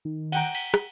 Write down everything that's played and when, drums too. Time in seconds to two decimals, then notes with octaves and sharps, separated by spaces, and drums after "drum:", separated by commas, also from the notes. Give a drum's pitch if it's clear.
0.05 D#3
0.32 F#5 G5 A#5, drum: cymbal
0.55 B6, drum: cymbal
0.74 drum: rim click